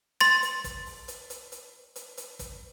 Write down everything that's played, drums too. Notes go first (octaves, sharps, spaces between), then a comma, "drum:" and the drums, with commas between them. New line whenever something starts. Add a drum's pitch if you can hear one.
C6 A6, drum: hi-hat
drum: hi-hat
drum: kick, hi-hat
drum: open hi-hat
drum: hi-hat
drum: hi-hat
drum: hi-hat
drum: hi-hat
drum: hi-hat
drum: kick, hi-hat